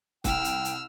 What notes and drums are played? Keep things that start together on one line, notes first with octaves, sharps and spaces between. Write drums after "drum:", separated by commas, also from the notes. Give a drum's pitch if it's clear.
C2 G5 E6 F6, drum: kick, hi-hat
drum: hi-hat
drum: hi-hat